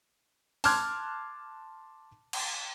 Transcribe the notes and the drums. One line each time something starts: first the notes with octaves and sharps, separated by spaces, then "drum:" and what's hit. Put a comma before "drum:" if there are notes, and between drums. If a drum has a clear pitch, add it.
A5 C6 D6 F6 F#6 G#6, drum: open hi-hat
drum: cymbal